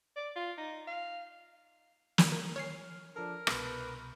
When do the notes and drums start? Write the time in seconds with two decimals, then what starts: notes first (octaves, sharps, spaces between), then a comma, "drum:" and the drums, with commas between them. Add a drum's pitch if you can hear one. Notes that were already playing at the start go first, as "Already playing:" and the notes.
0.16 D5
0.36 F4
0.58 D#4
0.87 F5
2.18 drum: snare
2.32 A#4
2.56 C#5 G#5 F6 C7
3.16 F3 D4 A4 A#4
3.47 C2 B2 B4 C6 G6, drum: rim click